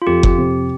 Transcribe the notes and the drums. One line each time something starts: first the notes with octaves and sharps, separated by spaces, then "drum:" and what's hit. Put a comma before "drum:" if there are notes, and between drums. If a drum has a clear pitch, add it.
F4
F2 G4
drum: kick F#1
C3